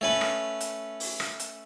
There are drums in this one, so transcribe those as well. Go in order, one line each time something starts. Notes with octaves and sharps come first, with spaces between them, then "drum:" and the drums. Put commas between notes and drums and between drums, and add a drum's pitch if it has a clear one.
A3 C#4 B4
drum: rim click
drum: hi-hat
drum: open hi-hat
drum: rim click
drum: hi-hat